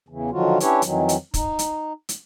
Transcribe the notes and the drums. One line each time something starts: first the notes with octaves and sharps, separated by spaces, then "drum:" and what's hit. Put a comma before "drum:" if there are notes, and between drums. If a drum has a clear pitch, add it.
E2 C#3 E3
D3 D#3 F3 F#3 F4 F#4
C#4 D4 E4 G4 B4 C#5, drum: hi-hat
F2 D#3 E3 F#3, drum: hi-hat
drum: hi-hat
D#4, drum: kick, hi-hat
drum: hi-hat
drum: hi-hat